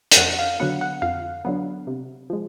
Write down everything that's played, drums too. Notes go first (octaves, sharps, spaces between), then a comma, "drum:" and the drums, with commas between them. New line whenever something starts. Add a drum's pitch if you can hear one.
G5, drum: hi-hat
F2 F#5
F5
D3 F#3 B3 F#5
F#5
F2 F5
D3 F#3 B3
C3
F3 G#3